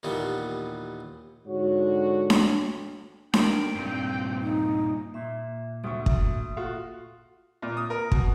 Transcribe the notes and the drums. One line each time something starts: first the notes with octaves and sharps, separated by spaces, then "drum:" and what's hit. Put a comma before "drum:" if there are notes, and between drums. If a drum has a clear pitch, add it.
D#2 A#2 E3 G3 B3
G#2 D3 F#4 C#5
drum: snare D4
D#3 G5, drum: snare D4
G2 A#2 C4
D#4
A#2 E5
D2 E5 C#6 D#6
drum: kick
A3 F4 F#4
A#2
D#6
A#4
B2, drum: kick